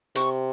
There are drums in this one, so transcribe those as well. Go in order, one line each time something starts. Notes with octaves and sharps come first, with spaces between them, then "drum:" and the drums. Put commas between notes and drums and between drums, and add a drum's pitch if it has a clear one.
C3 C#6, drum: hi-hat